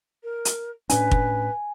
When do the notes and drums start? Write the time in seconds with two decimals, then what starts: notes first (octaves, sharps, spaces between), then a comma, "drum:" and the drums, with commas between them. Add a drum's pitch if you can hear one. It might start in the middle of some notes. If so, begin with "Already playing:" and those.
0.23 A#4
0.45 drum: hi-hat
0.90 A2 C#4 D4 B4 G#5, drum: hi-hat
1.11 drum: kick